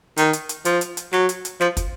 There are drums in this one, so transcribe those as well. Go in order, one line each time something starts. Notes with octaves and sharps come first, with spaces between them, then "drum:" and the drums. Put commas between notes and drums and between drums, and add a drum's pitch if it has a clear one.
D#3, drum: hi-hat
drum: hi-hat
drum: hi-hat
F3, drum: hi-hat
drum: hi-hat
drum: hi-hat
F#3, drum: snare
drum: hi-hat
drum: hi-hat
F3, drum: snare
drum: kick, hi-hat